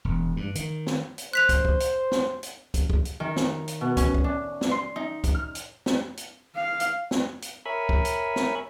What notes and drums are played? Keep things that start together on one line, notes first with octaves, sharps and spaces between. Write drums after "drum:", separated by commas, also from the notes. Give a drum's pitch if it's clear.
E1
G2
D#3, drum: hi-hat
drum: snare
drum: hi-hat
C5 F#6 B6 F7
drum: kick, hi-hat
drum: kick
drum: hi-hat
drum: snare
drum: hi-hat
drum: kick, hi-hat
drum: kick
drum: hi-hat
D#3
drum: snare
drum: hi-hat
B2
C#4, drum: kick, hi-hat
drum: kick
D4
drum: snare
C6
D#4
drum: kick, hi-hat
F6
drum: hi-hat
drum: snare
drum: hi-hat
F5
drum: hi-hat
drum: snare
drum: hi-hat
A#4 C#5 E5 G#5 B5
drum: kick
drum: hi-hat
drum: snare